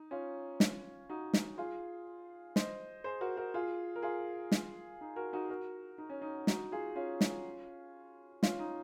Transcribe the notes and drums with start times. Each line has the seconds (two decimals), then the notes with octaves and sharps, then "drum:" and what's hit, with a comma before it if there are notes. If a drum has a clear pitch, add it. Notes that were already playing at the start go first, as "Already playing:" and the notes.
Already playing: D#4
0.11 C#4 F4
0.60 drum: snare
1.09 D#4 F#4
1.34 drum: snare
1.58 F4 G#4
2.56 C5 D#5, drum: snare
3.04 G#4 C5
3.21 F#4 A#4
3.37 F#4 A#4
3.54 F4 G#4
3.96 A#4
4.02 F4 G#4
4.52 drum: snare
5.01 D#4
5.16 F#4 A#4
5.33 D#4 F#4
5.49 F#4 A#4
5.98 D#4
6.10 C#4
6.22 D#4
6.47 D#4 F#4, drum: snare
6.72 F4 G#4
6.96 C#4 F4
7.21 drum: snare
8.43 C#4 F4, drum: snare
8.59 D#4